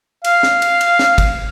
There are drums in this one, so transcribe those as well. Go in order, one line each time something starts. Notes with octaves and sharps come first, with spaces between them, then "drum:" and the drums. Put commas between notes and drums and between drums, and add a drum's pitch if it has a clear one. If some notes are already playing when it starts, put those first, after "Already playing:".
F5, drum: cymbal
drum: snare
drum: cymbal
drum: cymbal
drum: snare
drum: kick, cymbal